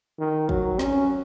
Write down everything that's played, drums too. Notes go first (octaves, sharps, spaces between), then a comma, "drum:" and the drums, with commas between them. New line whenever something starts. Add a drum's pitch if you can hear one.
D#3
F#3, drum: kick
C#4, drum: snare